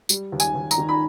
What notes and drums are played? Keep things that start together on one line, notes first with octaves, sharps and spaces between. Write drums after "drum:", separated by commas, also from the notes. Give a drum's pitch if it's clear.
G3, drum: tambourine
D#2
G#5, drum: tambourine
D#2
A#5, drum: tambourine
D#3
B5